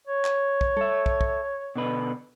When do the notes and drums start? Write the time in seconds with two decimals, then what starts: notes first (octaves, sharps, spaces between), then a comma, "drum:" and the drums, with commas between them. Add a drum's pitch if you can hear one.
0.07 C#5
0.25 drum: clap
0.61 drum: kick
0.77 A4 E5, drum: tom G3
1.06 drum: kick
1.21 drum: kick
1.76 B2 D3 B4